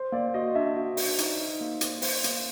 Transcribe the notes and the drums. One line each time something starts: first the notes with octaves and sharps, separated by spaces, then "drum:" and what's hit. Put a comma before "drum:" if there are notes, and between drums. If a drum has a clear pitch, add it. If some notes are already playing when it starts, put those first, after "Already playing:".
Already playing: C5
A#3 D5
F#4 D#5
D4 E5
F#4
F#4, drum: open hi-hat
D#4, drum: hi-hat
D#4
A#3
C5, drum: hi-hat
C5, drum: open hi-hat
A#3, drum: hi-hat